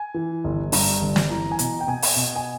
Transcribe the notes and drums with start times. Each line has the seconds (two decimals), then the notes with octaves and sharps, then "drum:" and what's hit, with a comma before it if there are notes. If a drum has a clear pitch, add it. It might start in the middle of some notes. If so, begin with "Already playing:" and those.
Already playing: G#5
0.14 E3
0.44 G1
0.72 G2 A#5, drum: open hi-hat
1.01 G1
1.16 drum: snare
1.30 E3 A#5
1.51 G#5
1.59 B2 A#5, drum: hi-hat
1.80 G5
1.87 B2 G#5
2.02 drum: open hi-hat
2.16 B2 G#5
2.36 G#5